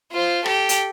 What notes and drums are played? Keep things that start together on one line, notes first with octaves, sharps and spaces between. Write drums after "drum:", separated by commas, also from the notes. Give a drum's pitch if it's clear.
F4 C5
G4 A4, drum: rim click
drum: hi-hat